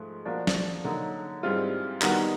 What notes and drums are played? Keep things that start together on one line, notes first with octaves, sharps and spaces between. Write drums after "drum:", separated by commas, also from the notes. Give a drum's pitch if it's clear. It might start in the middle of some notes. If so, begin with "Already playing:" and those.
Already playing: G#2 F3 A3
F3 A#3 D4 F#4
drum: snare
D3 F#3 A#3 D#4
G#2 E3 G3 C4 F4
D#3 G3 B3 D#4 F#4, drum: clap